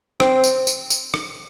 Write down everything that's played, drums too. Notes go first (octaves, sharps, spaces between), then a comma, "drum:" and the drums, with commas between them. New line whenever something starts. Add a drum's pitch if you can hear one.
C4, drum: rim click
drum: tambourine
drum: tambourine
drum: tambourine
drum: rim click